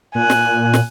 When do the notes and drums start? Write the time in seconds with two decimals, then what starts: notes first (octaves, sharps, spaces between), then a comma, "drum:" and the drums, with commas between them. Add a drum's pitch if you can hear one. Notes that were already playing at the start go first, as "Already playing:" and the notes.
0.15 A#2 G#5 F#6
0.30 drum: snare
0.74 drum: snare